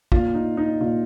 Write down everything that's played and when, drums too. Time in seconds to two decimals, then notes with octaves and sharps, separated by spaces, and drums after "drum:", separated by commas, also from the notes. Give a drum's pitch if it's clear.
0.12 A#2 F4, drum: kick G#1
0.34 D#4
0.57 D#4
0.80 A#2 F4